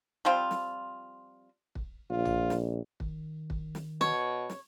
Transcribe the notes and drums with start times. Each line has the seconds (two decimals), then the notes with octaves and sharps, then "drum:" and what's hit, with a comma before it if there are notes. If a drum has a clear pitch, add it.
0.25 F3 G3 C4 F4
0.51 drum: snare
1.75 drum: kick
2.10 A#1 F4
2.25 drum: tom
2.50 drum: snare
3.00 D#3, drum: kick
3.50 drum: kick
3.75 drum: snare
4.01 B2 C#5, drum: snare
4.50 drum: snare